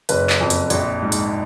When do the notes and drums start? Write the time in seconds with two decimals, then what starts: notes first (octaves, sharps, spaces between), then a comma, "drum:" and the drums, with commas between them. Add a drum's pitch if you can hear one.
0.09 F#1 B4, drum: hi-hat
0.30 drum: clap
0.41 F2
0.50 drum: hi-hat
0.70 A#1, drum: hi-hat
1.02 G#2
1.12 drum: hi-hat